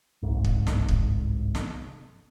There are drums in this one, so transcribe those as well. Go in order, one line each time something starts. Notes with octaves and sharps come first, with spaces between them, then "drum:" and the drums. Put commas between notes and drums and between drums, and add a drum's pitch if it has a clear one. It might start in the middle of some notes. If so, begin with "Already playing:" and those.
G1 C2 G#2
drum: kick
drum: snare
drum: kick
drum: snare